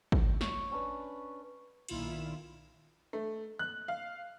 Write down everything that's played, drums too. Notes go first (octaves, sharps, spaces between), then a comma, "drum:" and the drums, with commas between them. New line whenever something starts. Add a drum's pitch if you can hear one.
drum: kick G#1
C#5, drum: snare
C#4 D4 B4
B1 A#2 D#3 E4 F4 E7, drum: cymbal
A3
F#6
F5